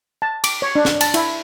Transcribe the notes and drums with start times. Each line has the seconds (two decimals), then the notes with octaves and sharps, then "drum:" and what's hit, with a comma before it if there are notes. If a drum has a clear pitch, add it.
0.22 A5
0.44 D6, drum: cymbal
0.62 C#5
0.75 D4
0.85 drum: snare
1.01 A5, drum: cymbal
1.14 E4, drum: cymbal